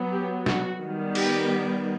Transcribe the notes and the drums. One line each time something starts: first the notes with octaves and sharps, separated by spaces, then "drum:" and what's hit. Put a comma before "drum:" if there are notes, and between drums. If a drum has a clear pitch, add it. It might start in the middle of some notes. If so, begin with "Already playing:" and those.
Already playing: F#3 B3
G4
F#4, drum: snare
D#3 G3 B3
G4, drum: cymbal